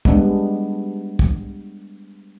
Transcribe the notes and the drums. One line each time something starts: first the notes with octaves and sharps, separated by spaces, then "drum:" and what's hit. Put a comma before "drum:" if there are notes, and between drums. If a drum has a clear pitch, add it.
G3 G#3 B3 D4, drum: kick
drum: kick